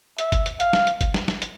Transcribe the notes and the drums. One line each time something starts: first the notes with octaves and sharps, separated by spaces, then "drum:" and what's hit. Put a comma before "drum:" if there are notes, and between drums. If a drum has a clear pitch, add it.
E5, drum: hi-hat
drum: kick G1, hi-hat
drum: hi-hat
F5, drum: hi-hat
drum: snare
drum: hi-hat
drum: kick G1, hi-hat
drum: snare
drum: snare
drum: hi-hat